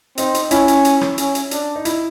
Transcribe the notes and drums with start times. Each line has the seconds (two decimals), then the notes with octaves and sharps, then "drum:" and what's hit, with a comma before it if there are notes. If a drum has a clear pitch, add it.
0.18 C4 D#4, drum: hi-hat
0.34 drum: hi-hat
0.51 C#4 E4, drum: hi-hat
0.68 drum: hi-hat
0.85 drum: hi-hat
1.01 drum: rim click
1.18 C#4, drum: hi-hat
1.35 drum: hi-hat
1.51 D4, drum: hi-hat
1.76 D#4
1.85 E4, drum: hi-hat